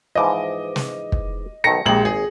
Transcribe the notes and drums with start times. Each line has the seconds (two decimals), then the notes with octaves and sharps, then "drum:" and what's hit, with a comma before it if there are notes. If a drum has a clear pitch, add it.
0.15 G#2 E3 F3 D#5 D6
0.76 drum: snare
1.12 drum: kick
1.64 B1 D#3 A4 A#6 C#7
1.86 A#1 G#3 G4 A#4 F#7
2.05 G#1 G#4